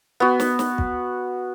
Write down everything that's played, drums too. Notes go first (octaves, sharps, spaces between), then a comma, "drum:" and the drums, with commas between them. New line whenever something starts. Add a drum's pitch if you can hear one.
B3 F#4
drum: snare
drum: snare
drum: kick